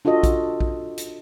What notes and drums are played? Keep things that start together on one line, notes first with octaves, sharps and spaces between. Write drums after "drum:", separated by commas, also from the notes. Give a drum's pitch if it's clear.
D4 F4 F#4 A4 D#5
drum: kick A#1, hi-hat
drum: kick A#1
drum: hi-hat